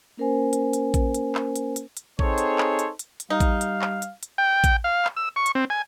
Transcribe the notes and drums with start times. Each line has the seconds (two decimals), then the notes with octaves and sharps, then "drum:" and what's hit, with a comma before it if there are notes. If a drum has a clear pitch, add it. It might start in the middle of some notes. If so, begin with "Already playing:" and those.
0.17 A#3 C#4 A#4 C5 G#5
0.53 drum: hi-hat
0.73 drum: hi-hat
0.94 drum: kick A1, hi-hat
1.14 drum: hi-hat
1.35 drum: clap
1.56 drum: hi-hat
1.76 drum: hi-hat
1.97 drum: hi-hat
2.19 C4 D#4 G#4 A4 C5 C#5, drum: kick A1
2.38 drum: hi-hat
2.58 drum: clap
2.79 drum: hi-hat
2.99 drum: hi-hat
3.20 drum: hi-hat
3.30 G3 D#4 F5
3.40 drum: kick A1, hi-hat
3.61 drum: hi-hat
3.82 drum: clap
4.02 drum: hi-hat
4.23 drum: hi-hat
4.38 G5
4.64 drum: kick A1, hi-hat
4.84 F5
5.05 drum: clap
5.17 E6
5.36 C#6
5.46 drum: hi-hat
5.55 C4
5.70 G#5